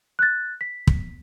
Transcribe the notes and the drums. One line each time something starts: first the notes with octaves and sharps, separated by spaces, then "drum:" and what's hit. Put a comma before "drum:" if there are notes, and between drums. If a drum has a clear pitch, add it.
F#6 A6
B6
drum: kick